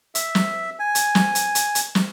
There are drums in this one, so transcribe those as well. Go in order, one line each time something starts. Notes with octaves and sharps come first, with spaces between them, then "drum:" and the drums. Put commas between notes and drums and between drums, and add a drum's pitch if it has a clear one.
E5, drum: hi-hat
drum: snare
G#5
drum: hi-hat
drum: snare
drum: hi-hat
drum: hi-hat
drum: hi-hat
drum: snare